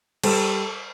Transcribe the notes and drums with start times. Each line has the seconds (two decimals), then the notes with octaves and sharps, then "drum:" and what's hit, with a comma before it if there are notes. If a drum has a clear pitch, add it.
0.23 G3 A4, drum: cymbal